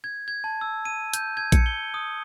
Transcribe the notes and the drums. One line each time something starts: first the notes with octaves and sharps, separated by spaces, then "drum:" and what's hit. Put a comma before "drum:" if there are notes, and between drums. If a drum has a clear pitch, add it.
G#6
G#6
A5
E6
D#7
G6, drum: hi-hat
G#6
C#7, drum: kick A#1, hi-hat
G7
D#6